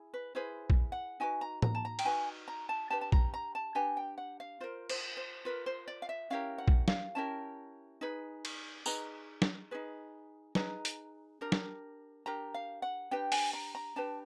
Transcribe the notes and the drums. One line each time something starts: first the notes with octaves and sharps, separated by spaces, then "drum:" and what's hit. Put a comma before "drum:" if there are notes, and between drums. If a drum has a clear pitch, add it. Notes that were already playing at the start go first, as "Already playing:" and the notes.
Already playing: E4 G#4
B4
E4 G#4 B4 C5
drum: kick A#1
F#5
D#4 F#4 B4 G#5
A#5
A#5, drum: tom A2
A5
A#5
G5, drum: cymbal
D#4 F#4 B4 G#5
A#5
A5
D4 G4 B4 A5
A5
A#5, drum: kick A#1
A#5
A5
D4 G4 B4 G#5
G5
F#5
F5
F4 A#4 C5
C5, drum: cymbal
C5
F4 A#4 B4
C5
D5
F5
E5
C#4 E4 G4 A#4 F5
F#5
drum: kick A#1
F5, drum: snare
C#4 E4 G4 A#4 A5
D#4 G#4 B4
drum: cymbal
D#4 G#4 B4 A#5, drum: tambourine
drum: snare
D#4 G#4 B4
D#4 G#4 B4 A#5, drum: snare
drum: hi-hat
D4 G4 A#4
drum: snare
D4 G4 A#4 A#5
F5
F#5
D4 G4 B4 G5
G#5, drum: open hi-hat
A#5
A#5
D4 G4 B4 A5